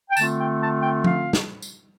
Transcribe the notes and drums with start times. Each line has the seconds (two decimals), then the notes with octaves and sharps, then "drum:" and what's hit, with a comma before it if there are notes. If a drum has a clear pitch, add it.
0.10 G5
0.17 D3 A3 C4 F4 A5, drum: tambourine
0.39 G5
0.61 A5
0.82 G5
1.04 F5, drum: tom F3
1.33 drum: snare
1.62 drum: tambourine